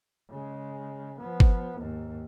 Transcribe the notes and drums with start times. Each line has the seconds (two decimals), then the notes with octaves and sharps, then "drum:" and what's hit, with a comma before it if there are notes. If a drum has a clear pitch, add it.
0.30 C#3 G#3
1.19 F3 B3
1.40 drum: kick G1
1.79 D#2 G#2